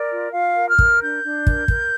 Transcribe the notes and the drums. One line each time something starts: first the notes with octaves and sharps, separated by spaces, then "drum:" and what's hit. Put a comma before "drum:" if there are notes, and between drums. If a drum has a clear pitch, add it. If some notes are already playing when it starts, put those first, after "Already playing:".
Already playing: A#4 D5
F4
F4 F5
A#4
F6
A#4, drum: kick
D4 G6
D4
A#4, drum: kick
A#4, drum: kick